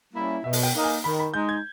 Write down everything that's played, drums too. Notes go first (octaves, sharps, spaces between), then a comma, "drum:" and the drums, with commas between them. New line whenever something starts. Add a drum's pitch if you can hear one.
G3 A#3 C#4 E4
B2 E5
drum: open hi-hat
G5
A#3 D#4
G#5
D#3 B5
B5
G#3 D#4 G6
G#6